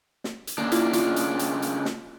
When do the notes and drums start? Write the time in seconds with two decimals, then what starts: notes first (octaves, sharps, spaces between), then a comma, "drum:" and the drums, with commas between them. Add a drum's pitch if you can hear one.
0.24 drum: snare
0.47 drum: hi-hat
0.58 C#2 A#3 D4
0.72 A#3 E4 F4, drum: hi-hat
0.93 F4, drum: hi-hat
1.16 drum: hi-hat
1.39 drum: hi-hat
1.62 drum: hi-hat
1.85 drum: snare